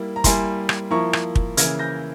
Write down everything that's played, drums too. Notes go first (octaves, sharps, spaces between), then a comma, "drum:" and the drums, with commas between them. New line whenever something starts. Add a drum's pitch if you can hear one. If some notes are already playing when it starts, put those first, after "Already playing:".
Already playing: G3 A#3 E4
A#5
G3 A#3 E4 G#5 C6, drum: kick, hi-hat
drum: rim click
F3 A#3 E4 A#5 C#6
drum: rim click
drum: kick
C#3 E3 A#3 E4 F6 G#6, drum: hi-hat
G6 A#6